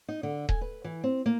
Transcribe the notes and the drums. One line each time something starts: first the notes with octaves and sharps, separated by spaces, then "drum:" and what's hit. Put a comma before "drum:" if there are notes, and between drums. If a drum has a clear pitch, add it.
D#4
D3
G#5, drum: kick D#1
B4
E3
C4
A#3